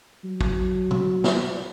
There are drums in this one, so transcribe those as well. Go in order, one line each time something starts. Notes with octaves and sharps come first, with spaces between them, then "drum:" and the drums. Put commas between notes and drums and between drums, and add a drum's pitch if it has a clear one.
F#3
drum: kick
drum: tom
drum: snare